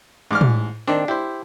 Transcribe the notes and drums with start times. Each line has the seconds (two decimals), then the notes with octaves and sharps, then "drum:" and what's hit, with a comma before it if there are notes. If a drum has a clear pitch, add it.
0.31 A1 G#2 D6 F6
0.41 drum: tom
0.88 D#3 C4 D4
1.08 E4 G4 C5